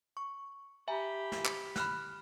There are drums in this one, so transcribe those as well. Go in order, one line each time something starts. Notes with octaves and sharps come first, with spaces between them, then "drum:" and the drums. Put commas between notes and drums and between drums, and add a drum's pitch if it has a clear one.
C#6
G4 E5 G#5 A#5 B5
drum: snare
drum: clap
B5 F6 F#6, drum: snare